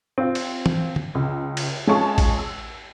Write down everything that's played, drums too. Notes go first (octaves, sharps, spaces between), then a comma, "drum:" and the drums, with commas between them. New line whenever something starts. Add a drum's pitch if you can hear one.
C4 F4
drum: cymbal
drum: tom
drum: tom D3
C#2
drum: cymbal
G#3 C#4 F4 G#4 A5 C#6
drum: kick, cymbal
E6